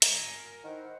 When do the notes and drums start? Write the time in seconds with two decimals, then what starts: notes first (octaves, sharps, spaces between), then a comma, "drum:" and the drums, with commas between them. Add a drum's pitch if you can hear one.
0.02 A#4 G#5, drum: hi-hat
0.64 D#3 E4 C5 F#5